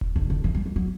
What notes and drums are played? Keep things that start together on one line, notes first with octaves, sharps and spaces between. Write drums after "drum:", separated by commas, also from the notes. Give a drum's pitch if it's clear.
drum: kick E1
D3
D3
E3
G3
E3
F#3